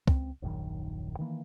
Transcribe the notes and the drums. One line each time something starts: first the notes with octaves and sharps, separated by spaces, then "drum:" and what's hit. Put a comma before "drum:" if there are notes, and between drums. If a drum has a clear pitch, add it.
C#2 C4, drum: kick
D#1 A#1 F#2 D#3
D#3 E3 A#3